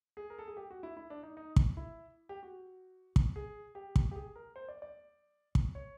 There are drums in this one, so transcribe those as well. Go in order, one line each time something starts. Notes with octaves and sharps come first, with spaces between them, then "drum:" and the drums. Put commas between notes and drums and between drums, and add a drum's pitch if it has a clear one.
G#4
A#4
A4
G#4
G4
F#4
E4
E4
D4
D#4
D#4
drum: kick
E4
G4
F#4
drum: kick
G#4
G4
drum: kick
G4
G#4
A#4
C5
D5
D5
drum: kick
C#5